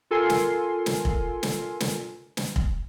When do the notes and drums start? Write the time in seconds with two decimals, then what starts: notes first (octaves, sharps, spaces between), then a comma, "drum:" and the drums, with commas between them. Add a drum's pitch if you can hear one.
0.11 F4 A4 A#4 G#5 C6 C7
0.29 drum: snare
0.86 drum: snare
1.05 drum: kick
1.43 drum: snare
1.80 drum: snare
2.37 drum: snare
2.56 drum: kick